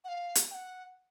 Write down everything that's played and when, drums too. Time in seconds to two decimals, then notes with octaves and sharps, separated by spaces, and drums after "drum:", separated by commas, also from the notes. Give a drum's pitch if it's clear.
0.04 F#5
0.08 F5
0.35 drum: hi-hat
0.51 G5
0.54 F#5